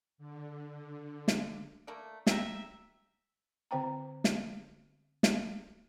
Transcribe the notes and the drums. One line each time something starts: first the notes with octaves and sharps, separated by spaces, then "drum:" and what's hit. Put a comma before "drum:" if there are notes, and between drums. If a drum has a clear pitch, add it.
D3
D3
drum: snare
A3 A#3 D5
E5 G5 A#5, drum: snare
D3 C4 C5 G5 A#5
drum: snare
drum: snare